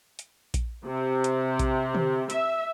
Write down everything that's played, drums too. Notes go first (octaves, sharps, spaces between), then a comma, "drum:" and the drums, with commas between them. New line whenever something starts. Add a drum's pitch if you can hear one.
drum: hi-hat
drum: kick A#1, hi-hat
C3
drum: hi-hat
drum: kick A#1, hi-hat
drum: tom D3
E5, drum: hi-hat